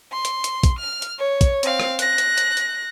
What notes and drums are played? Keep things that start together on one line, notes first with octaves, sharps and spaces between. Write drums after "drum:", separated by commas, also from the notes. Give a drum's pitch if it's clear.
C6
drum: hi-hat
drum: hi-hat
drum: kick, hi-hat
F6
drum: hi-hat
C#5
drum: kick, hi-hat
C4 F5, drum: hi-hat
drum: rim click
F#6 A#6, drum: hi-hat
drum: hi-hat
drum: hi-hat
drum: hi-hat